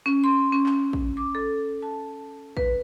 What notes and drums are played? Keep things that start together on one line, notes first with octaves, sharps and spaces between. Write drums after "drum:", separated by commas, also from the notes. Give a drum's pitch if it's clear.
C#4
C6
C#4
drum: clap
drum: kick
D6
A4
A5
B4, drum: kick